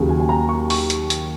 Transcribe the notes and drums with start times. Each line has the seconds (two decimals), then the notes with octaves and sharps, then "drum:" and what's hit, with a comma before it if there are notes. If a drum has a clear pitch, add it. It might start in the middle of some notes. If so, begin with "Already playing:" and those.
Already playing: D#2 C#3 F#3
0.09 G#5
0.20 G#5
0.29 A#5
0.49 C#6
0.70 C#6, drum: open hi-hat
0.90 drum: hi-hat
1.10 drum: hi-hat